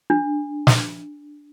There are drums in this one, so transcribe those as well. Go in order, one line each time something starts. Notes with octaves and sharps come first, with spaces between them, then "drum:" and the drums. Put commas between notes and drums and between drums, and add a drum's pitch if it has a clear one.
D4
drum: snare